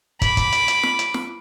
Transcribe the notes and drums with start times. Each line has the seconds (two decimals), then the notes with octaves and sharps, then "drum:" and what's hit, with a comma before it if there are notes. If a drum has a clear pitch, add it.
0.22 B5 D6, drum: kick, hi-hat
0.37 drum: kick, hi-hat
0.52 drum: hi-hat
0.68 drum: hi-hat
0.83 drum: snare
0.99 drum: hi-hat
1.14 drum: snare